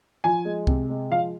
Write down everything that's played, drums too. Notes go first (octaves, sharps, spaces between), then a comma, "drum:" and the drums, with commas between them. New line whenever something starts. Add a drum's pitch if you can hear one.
F3 G#5
G#3
C3, drum: kick C2
G#3
F3 F5